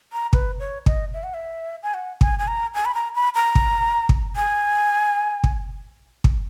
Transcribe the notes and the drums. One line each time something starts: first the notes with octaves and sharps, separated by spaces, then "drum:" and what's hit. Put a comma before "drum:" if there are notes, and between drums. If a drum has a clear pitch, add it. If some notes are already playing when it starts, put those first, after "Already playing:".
A#5
B4, drum: kick
C#5
D#5, drum: kick
E5
F#5
E5
G#5
F#5
G#5, drum: kick
G#5
A#5
G#5
B5
A#5
B5
A#5
drum: kick
drum: kick
G#5
drum: kick
drum: kick